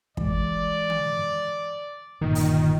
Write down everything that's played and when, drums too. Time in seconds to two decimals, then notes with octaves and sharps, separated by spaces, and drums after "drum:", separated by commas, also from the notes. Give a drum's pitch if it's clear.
0.17 E3 G#3 D5, drum: kick
0.90 drum: tom D3
2.21 G1 A#2 D#3
2.35 drum: open hi-hat